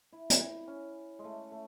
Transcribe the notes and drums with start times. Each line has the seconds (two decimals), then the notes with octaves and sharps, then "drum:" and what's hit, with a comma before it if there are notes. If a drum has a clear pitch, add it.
0.13 E4
0.30 drum: hi-hat
0.68 C#4
1.19 G#3
1.24 A3
1.52 A3